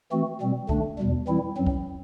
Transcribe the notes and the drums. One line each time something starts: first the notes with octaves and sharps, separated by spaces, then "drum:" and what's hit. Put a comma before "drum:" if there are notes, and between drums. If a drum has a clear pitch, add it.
E3 A3 C4 F#4
B2 G3 C4
D3 A3 D4, drum: kick C2
E2 B2 G3
E3 G3 C4 E4
F#2 F#3 C4
drum: kick C2